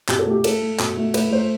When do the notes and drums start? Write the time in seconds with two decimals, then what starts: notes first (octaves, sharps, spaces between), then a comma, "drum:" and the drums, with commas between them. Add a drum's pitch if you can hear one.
0.08 B2 G4, drum: clap
0.19 A4
0.26 A3 G4
0.44 A3 A4, drum: cymbal
0.62 A3
0.79 B2, drum: clap
0.97 A3
1.14 A3 B4, drum: cymbal
1.31 A3 C5